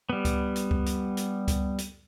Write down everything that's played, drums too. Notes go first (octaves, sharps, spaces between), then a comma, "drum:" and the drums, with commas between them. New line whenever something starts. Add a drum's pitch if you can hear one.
G3 B3
drum: kick C#2, hi-hat
drum: hi-hat
drum: kick C#2
drum: hi-hat
drum: hi-hat
drum: kick C#2, hi-hat
drum: hi-hat